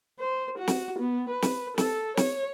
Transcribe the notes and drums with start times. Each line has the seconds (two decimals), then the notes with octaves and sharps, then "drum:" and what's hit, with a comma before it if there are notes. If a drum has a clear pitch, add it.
0.19 C5
0.58 F#4
0.68 drum: snare
0.99 B3
1.30 B4
1.42 drum: snare
1.78 A4, drum: snare
2.17 C#5, drum: snare